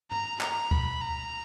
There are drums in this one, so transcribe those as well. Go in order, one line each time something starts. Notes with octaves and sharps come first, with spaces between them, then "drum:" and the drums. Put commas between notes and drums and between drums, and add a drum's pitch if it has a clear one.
A#5, drum: tom
A#5, drum: clap
B5, drum: kick D2
A#5